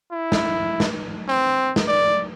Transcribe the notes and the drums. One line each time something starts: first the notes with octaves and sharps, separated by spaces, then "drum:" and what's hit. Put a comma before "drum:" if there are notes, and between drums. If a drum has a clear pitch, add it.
E4
drum: snare
drum: snare
C4
drum: snare
D5